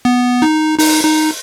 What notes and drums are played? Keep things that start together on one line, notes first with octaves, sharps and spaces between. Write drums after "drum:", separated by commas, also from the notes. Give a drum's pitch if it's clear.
B3
D#4
D#4, drum: open hi-hat
D#4